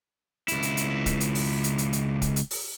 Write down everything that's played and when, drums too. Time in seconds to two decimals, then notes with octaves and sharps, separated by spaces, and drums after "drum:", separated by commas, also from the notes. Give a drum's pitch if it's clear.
0.48 C#2 E4, drum: hi-hat
0.63 drum: hi-hat
0.77 drum: hi-hat
1.06 drum: kick, hi-hat
1.20 drum: hi-hat
1.35 drum: open hi-hat
1.64 drum: hi-hat
1.78 drum: hi-hat
1.93 drum: hi-hat
2.22 drum: kick, hi-hat
2.36 drum: hi-hat
2.51 drum: open hi-hat